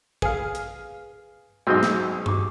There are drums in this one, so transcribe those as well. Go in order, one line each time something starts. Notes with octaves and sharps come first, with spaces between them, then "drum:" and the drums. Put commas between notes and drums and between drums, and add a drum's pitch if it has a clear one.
G#4 B4 F5, drum: kick
drum: hi-hat
B1 G#2 G3 G#3 C4 F#4 D#5
drum: snare
G4 D6, drum: tom G2